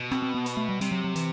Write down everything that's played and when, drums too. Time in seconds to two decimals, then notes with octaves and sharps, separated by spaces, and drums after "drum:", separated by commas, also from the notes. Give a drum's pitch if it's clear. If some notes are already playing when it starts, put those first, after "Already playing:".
Already playing: B2
0.11 C4, drum: rim click
0.22 C4
0.34 B3
0.46 drum: hi-hat
0.57 A3
0.69 G3
0.81 C3 G3, drum: hi-hat
0.91 F#3
1.04 F#3
1.16 E3, drum: hi-hat